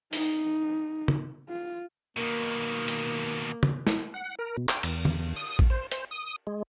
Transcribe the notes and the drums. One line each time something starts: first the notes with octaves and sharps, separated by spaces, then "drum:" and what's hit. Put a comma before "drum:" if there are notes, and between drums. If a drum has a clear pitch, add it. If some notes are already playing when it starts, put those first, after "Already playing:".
D#4, drum: open hi-hat
drum: tom
F4
B2 D#3 A#3
drum: hi-hat
drum: tom
drum: snare
F#5
A#4
B2
G5, drum: clap
E2, drum: cymbal
drum: tom D3
D#6
drum: kick A1
C5
C5, drum: hi-hat
D#6
G#3